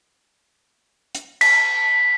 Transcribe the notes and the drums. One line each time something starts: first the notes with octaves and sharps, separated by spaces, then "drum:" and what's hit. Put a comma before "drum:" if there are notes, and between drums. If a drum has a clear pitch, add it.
drum: hi-hat
B6, drum: cymbal